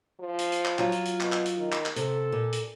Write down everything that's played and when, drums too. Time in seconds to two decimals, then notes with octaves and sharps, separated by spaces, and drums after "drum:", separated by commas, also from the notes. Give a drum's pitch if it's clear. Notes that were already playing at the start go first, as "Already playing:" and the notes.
0.20 F3
0.39 drum: hi-hat
0.52 drum: hi-hat
0.65 drum: clap
0.79 F#3 F4, drum: clap
0.92 drum: hi-hat
1.05 drum: hi-hat
1.20 B2, drum: clap
1.32 drum: clap
1.45 drum: hi-hat
1.57 D#3
1.72 drum: clap
1.86 drum: clap
1.96 C3 A4, drum: hi-hat
2.32 A#2
2.52 drum: hi-hat